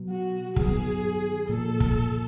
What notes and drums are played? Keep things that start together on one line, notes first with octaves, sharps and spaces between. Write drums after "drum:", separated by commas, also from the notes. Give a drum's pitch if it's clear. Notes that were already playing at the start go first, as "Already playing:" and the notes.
Already playing: B2 F#3 B3
F#4
G2 D#3 F#3 B3 G#4, drum: kick
A#2 F3 A#3 A4
drum: kick